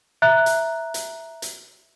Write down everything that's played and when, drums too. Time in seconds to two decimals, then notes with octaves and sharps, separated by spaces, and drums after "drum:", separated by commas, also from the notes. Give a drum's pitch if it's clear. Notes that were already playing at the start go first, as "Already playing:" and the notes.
0.22 E5 A#5 F#6
0.46 drum: hi-hat
0.94 drum: hi-hat
1.42 drum: hi-hat